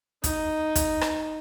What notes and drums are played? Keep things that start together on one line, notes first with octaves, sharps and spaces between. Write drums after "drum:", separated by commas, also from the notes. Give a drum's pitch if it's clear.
D#4, drum: kick, hi-hat
drum: kick, hi-hat
drum: rim click